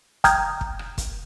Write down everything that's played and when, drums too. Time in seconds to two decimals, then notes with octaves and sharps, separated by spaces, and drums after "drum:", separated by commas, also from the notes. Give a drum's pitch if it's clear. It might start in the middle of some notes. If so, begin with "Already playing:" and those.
0.24 G5 A#5 D#6 F6 G6 G#6, drum: kick, hi-hat
0.61 drum: kick
0.79 drum: rim click
0.98 drum: kick, hi-hat